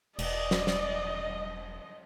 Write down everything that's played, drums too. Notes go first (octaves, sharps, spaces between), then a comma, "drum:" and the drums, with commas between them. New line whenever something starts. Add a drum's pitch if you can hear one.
E1 D5 D#5, drum: cymbal
drum: snare
drum: snare